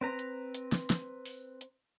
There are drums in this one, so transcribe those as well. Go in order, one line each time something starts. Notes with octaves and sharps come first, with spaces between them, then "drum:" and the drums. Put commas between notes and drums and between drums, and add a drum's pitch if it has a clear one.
C4 B4 A#5
drum: hi-hat
drum: hi-hat
drum: snare
drum: snare
drum: open hi-hat
drum: hi-hat